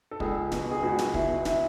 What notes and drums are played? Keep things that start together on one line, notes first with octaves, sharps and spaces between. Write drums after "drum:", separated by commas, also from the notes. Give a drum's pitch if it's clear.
A4
C#2 G#4, drum: kick
B2, drum: snare
G#4
C#2 F#4
drum: snare
B2 E4, drum: kick
E4, drum: snare